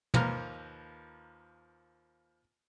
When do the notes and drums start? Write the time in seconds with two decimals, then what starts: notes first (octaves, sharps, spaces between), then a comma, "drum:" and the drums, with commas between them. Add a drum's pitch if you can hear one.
0.14 D#2 F3 A#3 B4 A#5 F6, drum: tom